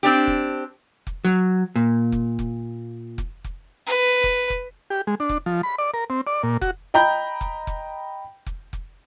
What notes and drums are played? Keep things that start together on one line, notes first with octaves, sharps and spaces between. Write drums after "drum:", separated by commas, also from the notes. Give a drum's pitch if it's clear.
C4 D4 G4
drum: kick F1
drum: kick F1
F#3
A#2
drum: kick F1
drum: kick F1
drum: kick F1
drum: kick F1
B4
drum: kick F1
drum: kick F1
G4
G#3
D4
drum: kick F1
F3
B5
D5
A#4
C4
D5
A#2
F#4, drum: kick F1
D#5 G5 A#5 B5 G6
drum: kick F1
drum: kick F1
drum: kick F1
drum: kick F1